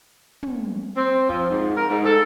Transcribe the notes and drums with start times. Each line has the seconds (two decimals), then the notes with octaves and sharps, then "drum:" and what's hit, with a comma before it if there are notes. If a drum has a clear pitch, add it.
0.43 drum: tom
0.96 C4
1.29 F3, drum: kick
1.49 G#2
1.76 A#4
1.89 G#2
2.05 A4